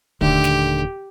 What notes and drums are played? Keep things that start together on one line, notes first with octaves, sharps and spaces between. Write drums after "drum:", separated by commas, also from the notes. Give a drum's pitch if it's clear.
D#1 D3 D#3 A3 G4, drum: kick
drum: snare